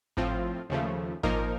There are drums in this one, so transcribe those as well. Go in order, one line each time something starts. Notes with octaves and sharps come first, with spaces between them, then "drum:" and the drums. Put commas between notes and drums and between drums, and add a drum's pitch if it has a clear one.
A2 F3 C4 F4, drum: kick G#1
D#2 C#3 F3 A3
A#2 F3 A#3 D#4 A#4, drum: kick G#1